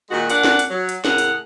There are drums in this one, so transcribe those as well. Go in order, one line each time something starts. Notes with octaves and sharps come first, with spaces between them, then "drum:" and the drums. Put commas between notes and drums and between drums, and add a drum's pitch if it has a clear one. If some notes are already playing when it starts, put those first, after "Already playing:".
A#2 D#3 G#3 F#4
A#2 A#3 D4 F#5, drum: hi-hat
drum: snare
drum: hi-hat
F#3
drum: hi-hat
A2 C#3 G#4 A#4 F#5, drum: snare
drum: hi-hat